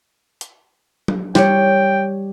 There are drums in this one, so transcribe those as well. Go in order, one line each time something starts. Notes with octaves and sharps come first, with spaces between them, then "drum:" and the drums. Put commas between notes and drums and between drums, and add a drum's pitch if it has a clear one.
drum: hi-hat
drum: tom F#3
G3 C#5 G5, drum: snare